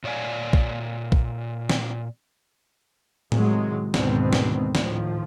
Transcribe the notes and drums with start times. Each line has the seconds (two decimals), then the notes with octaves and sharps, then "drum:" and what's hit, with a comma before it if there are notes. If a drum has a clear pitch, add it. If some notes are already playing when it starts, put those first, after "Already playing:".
0.04 A#2 C#5 D5 F5 G#5
0.53 drum: kick
1.12 drum: kick
1.69 drum: snare
3.32 A2 C3 D#3 F#3 G#3, drum: tom A2
3.94 D2 G#2 B2 D#3 B3 C4, drum: snare
4.33 drum: snare
4.75 A2 D#3 F3, drum: snare